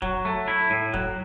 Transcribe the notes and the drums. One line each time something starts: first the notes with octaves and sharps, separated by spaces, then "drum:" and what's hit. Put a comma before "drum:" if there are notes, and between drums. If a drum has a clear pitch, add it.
F#3, drum: kick
A3
E4
A2
F#3, drum: kick